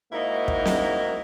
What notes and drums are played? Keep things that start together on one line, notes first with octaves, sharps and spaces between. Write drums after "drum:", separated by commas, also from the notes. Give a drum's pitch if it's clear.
G#2 A#3 D#4 E4 F#4 A#4
drum: kick
drum: snare